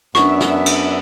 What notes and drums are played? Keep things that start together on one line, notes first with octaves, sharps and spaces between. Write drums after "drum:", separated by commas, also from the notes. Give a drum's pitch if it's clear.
F#2 B3 D4 E5 C#6, drum: snare
drum: snare
drum: cymbal